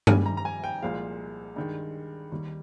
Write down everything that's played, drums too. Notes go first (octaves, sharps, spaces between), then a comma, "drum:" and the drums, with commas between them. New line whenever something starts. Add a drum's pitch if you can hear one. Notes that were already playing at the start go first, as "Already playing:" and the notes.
F2 D#3 G3 G#5, drum: tom G2
A#5
A#5
G#5
G5
C2 A#2 F3 G#3 F5
G2 D#3 G#3
D#2 D#3 G3